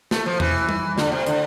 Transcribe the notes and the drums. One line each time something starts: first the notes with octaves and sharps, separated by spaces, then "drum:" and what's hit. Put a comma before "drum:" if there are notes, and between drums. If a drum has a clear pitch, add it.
A3, drum: snare
F3
E3, drum: tom E2
drum: tom G3
D3, drum: snare
C3
D3, drum: hi-hat